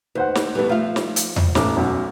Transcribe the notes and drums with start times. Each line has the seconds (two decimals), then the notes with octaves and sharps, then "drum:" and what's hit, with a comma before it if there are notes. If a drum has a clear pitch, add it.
0.15 D#2 B4 C5 F#5
0.35 drum: snare
0.55 E3 G3 A3 B3
0.69 F3 F4 E5 F5
0.96 drum: snare
1.16 drum: hi-hat
1.36 drum: tom E2
1.55 A1 A3 D6, drum: snare
1.77 B1 F#2 B2